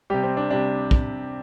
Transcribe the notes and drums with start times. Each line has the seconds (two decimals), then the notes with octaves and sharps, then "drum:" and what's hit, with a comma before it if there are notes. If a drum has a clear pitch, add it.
0.10 C3 G3 G4
0.23 C4
0.37 D4
0.50 C3 G3 D4
0.91 drum: kick